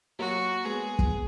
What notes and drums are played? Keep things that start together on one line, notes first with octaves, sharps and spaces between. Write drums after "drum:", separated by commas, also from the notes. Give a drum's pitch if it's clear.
F#3 A#3 F#4
G#3 B3 G#4
drum: kick